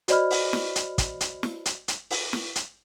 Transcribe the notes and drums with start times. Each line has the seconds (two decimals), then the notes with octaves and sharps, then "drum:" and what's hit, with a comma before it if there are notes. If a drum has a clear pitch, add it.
0.08 F#4 C5 D5 D#5 B5 F6, drum: hi-hat
0.31 drum: open hi-hat
0.53 drum: snare
0.76 drum: hi-hat
0.98 drum: kick, hi-hat
1.21 drum: hi-hat
1.43 drum: snare
1.66 drum: hi-hat
1.88 drum: hi-hat
2.10 drum: open hi-hat
2.33 drum: snare
2.55 drum: hi-hat